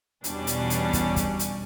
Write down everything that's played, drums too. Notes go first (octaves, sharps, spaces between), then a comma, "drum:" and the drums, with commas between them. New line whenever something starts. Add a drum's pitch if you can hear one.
E2 B2 G3 C#4 D4, drum: hi-hat
drum: hi-hat
drum: hi-hat
drum: kick, hi-hat
drum: kick, hi-hat
drum: hi-hat